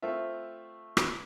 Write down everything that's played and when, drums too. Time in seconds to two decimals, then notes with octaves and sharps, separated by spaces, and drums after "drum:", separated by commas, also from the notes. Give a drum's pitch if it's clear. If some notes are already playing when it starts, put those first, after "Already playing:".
0.02 A3 C4 F4 E5
0.97 drum: rim click